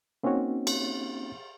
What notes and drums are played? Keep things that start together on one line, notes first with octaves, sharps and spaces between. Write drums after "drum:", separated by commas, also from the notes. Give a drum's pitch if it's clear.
A#3 C4 C#4 D#4 F#4 C#5
drum: cymbal